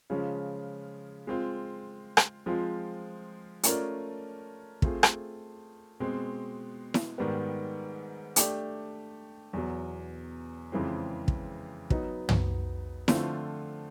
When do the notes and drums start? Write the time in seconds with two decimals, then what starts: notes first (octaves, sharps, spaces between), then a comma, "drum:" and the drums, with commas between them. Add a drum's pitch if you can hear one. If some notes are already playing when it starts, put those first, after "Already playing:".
0.10 C#3 F3 G#3 C#4
1.27 G#3 C4 F4
2.17 drum: rim click
2.46 F3 G#3 C4 F4
3.63 A3 C#4 F4 A#4 D5, drum: hi-hat
4.82 A3 C4 F4 G#4, drum: kick
5.03 drum: rim click
6.00 B2 G#3 C4
6.94 drum: snare E4
7.18 G#2 D#3 G3 B3
8.36 A3 D4 G4, drum: hi-hat
9.53 E2 B2 F#3
10.72 F2 C#3 E3 G#3 C4
11.28 drum: kick
11.90 F#3 B3 D#4, drum: kick
12.29 drum: tom
13.08 D3 F3 A3 C4 F4, drum: snare E4